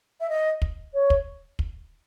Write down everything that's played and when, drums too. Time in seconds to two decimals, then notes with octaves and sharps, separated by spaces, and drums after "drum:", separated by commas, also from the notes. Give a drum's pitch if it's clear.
0.20 E5
0.29 D#5
0.62 drum: kick
0.93 C#5
1.10 drum: kick
1.59 drum: kick